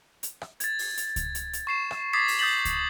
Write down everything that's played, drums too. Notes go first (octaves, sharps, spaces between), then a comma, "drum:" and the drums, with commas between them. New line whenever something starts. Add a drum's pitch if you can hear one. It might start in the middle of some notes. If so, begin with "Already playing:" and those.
drum: hi-hat
drum: rim click
G#6 A6, drum: hi-hat
drum: open hi-hat
drum: hi-hat
drum: kick C#2, hi-hat
drum: hi-hat
drum: hi-hat
C#6 C7 E7
drum: rim click
D6 D#6 G#6 A6 B6 C7
drum: open hi-hat
D#6 G6 A6 B6 F#7
drum: kick C#2, hi-hat